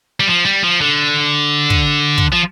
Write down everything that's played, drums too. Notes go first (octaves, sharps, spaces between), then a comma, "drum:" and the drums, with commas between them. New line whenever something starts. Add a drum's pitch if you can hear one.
G3
F3
G3
F3
D3
drum: kick
drum: kick
F3